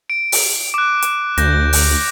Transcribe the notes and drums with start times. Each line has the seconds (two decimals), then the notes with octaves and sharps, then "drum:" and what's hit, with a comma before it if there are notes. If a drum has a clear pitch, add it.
0.10 D7
0.32 drum: open hi-hat
0.74 D6 F#6
1.02 drum: hi-hat
1.38 D2 G6 A#6, drum: hi-hat
1.73 drum: open hi-hat